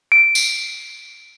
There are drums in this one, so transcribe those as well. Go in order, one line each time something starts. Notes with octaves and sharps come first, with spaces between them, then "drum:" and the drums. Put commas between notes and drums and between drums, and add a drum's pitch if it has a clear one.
D7
drum: tambourine